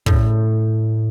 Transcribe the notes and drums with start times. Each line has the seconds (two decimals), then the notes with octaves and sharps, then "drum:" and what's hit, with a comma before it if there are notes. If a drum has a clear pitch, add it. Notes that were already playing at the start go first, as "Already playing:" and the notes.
0.06 A2, drum: kick